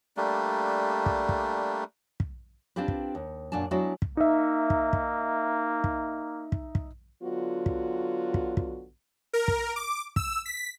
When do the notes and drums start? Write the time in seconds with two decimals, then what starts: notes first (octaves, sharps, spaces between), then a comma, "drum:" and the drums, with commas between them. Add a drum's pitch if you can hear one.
0.17 G3 A3 A#3 D4
1.06 drum: kick
1.29 drum: kick
2.20 drum: kick
2.76 C4 D4 F4 G4 B4
2.88 drum: kick
3.15 D#2
3.52 F#2 A#2 D4 G#5 A5
3.71 F#3 G#3 B3 D4 E4 F#4
4.02 drum: kick
4.17 A#3 D#4 E5
4.70 drum: kick
4.93 drum: kick
5.84 drum: kick
6.52 drum: kick
6.75 drum: kick
7.23 D3 F#3 B3 F4 F#4
7.66 drum: kick
8.34 drum: kick
8.57 drum: kick
9.33 A#4
9.48 drum: kick
9.76 D6
10.16 E6, drum: kick
10.46 B6